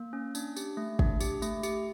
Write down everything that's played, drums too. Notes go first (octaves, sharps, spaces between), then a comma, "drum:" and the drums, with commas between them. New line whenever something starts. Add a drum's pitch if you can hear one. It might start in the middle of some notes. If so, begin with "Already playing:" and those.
Already playing: A#3
C#4
D4, drum: tambourine
G4, drum: tambourine
A3
D4, drum: kick
G4, drum: tambourine
A3, drum: tambourine
G4, drum: tambourine